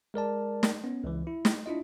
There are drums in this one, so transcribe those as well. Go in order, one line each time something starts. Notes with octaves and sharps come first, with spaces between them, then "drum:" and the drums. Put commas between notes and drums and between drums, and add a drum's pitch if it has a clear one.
G#3 A#4 D5 A5
drum: snare
B3 C#4
C#2 E3
E4
drum: snare
D4 E4 F4 D#5